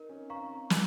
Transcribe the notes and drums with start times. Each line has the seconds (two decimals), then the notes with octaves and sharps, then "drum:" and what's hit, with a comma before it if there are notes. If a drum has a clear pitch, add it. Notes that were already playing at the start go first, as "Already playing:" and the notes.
Already playing: D#4 A#4
0.09 C#4
0.30 C4 F5 A#5 C#6
0.70 drum: snare